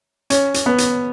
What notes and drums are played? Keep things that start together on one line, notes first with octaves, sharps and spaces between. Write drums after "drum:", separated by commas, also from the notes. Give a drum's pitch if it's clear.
C#4, drum: hi-hat
drum: hi-hat
B3
drum: hi-hat